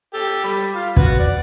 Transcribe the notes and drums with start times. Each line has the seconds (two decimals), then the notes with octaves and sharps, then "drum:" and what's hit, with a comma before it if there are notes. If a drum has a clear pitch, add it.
0.14 G4 A4
0.44 G3 B5
0.75 F4 F5
0.96 F#4 B4, drum: kick
1.19 D5